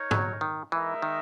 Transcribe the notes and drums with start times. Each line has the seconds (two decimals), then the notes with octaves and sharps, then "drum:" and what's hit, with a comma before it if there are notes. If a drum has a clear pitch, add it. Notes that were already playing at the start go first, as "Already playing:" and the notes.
Already playing: D#4 A#4 C#5
0.11 F#3, drum: tom
0.41 D#3
0.72 E3 G#3 D#4 A#4 E5
1.02 D#3